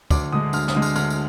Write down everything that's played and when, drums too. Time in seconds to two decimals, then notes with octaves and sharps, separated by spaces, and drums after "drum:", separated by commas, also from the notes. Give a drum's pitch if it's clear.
0.10 D2 D6, drum: kick, tambourine
0.32 D3 G#3 D#6
0.53 D2 F6, drum: tambourine
0.68 D#6, drum: snare
0.75 D3 G#3
0.82 F6, drum: tambourine
0.96 D2 F6, drum: tambourine
1.10 drum: tambourine